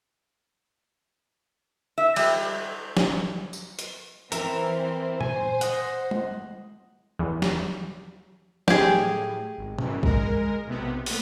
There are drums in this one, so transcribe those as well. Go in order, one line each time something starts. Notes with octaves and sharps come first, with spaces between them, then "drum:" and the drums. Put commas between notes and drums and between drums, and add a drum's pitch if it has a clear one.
E5
G3, drum: cymbal
drum: snare F#3
drum: tambourine
drum: hi-hat
E3 C4 A#4 E5, drum: hi-hat
C5 G#5, drum: tom A#2
D#5 F#5, drum: hi-hat
drum: tom G#3
E2
drum: snare F#3
A2 G4 G#4, drum: snare F#3
G#1
F#2 B2 E3, drum: tom A#2
G#3 A#4, drum: kick
B1 C3 B3
A3 B3, drum: open hi-hat